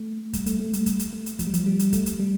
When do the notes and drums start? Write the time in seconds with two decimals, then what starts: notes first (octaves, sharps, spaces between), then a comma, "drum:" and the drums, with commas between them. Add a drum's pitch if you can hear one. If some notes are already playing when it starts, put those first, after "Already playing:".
Already playing: A3
0.33 G3, drum: kick, hi-hat
0.46 A3, drum: hi-hat
0.59 A3
0.73 G3, drum: hi-hat
0.86 drum: kick, hi-hat
0.99 drum: hi-hat
1.13 A3
1.26 drum: hi-hat
1.39 F3, drum: kick, hi-hat
1.47 G3
1.54 F3, drum: hi-hat
1.66 G3
1.79 drum: hi-hat
1.93 A3, drum: kick, hi-hat
2.06 drum: hi-hat
2.20 G3